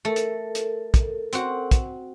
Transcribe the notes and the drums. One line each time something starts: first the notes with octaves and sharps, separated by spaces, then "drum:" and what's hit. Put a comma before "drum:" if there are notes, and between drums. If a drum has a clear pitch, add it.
A3 A4 A#4
drum: hi-hat
drum: hi-hat
drum: kick, hi-hat
C4 F#4, drum: hi-hat
drum: kick, hi-hat